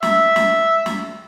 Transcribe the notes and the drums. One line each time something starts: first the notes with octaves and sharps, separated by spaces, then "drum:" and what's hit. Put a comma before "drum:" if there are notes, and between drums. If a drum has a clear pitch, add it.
E5, drum: snare
drum: snare
drum: snare